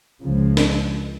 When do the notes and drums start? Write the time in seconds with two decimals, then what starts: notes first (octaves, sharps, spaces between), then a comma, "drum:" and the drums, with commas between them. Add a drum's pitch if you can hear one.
0.23 C#2 C#3 F3 G#3
0.57 drum: snare